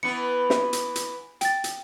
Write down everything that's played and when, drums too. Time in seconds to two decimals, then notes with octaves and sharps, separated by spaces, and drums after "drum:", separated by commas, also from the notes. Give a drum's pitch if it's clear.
0.03 E3 B3 B4 C#7
0.50 drum: snare
0.73 drum: hi-hat
0.96 drum: hi-hat
1.41 G5 A6, drum: hi-hat
1.64 drum: hi-hat